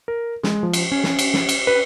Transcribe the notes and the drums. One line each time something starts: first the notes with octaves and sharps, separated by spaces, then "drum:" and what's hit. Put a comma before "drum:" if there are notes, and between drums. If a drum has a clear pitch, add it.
A#4
G#3, drum: snare
F3
drum: cymbal
C#4
drum: snare
drum: cymbal
drum: snare
drum: cymbal
B4